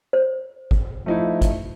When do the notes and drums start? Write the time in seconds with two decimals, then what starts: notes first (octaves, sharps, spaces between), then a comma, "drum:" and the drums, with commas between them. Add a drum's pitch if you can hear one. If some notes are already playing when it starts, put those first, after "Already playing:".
0.13 C5
0.71 drum: kick
1.06 F3 A3 D#4 E4
1.41 drum: kick, hi-hat